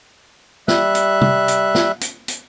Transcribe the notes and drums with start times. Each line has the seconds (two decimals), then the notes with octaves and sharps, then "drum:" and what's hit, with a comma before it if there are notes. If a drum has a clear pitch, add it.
0.68 G3 E5 F#6, drum: snare
0.95 drum: hi-hat
1.21 drum: tom
1.48 drum: hi-hat
1.75 drum: snare
2.01 drum: hi-hat
2.28 drum: hi-hat